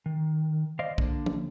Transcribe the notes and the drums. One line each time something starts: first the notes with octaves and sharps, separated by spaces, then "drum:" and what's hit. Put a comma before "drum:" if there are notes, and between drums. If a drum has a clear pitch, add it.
D#3
C5 D5 D#5 F5
D3 A#3, drum: kick
drum: tom